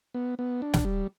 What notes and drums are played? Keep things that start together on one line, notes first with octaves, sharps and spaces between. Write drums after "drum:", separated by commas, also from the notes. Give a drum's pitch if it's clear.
B3
B3
D4
drum: snare
G3